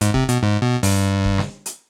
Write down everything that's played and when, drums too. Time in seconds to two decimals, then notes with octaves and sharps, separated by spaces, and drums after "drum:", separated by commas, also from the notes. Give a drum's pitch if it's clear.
0.01 G#2, drum: hi-hat
0.14 C3, drum: kick E1
0.29 B2, drum: hi-hat
0.43 G#2
0.62 B2
0.83 G2, drum: open hi-hat
1.24 drum: kick E1
1.38 drum: snare
1.66 drum: hi-hat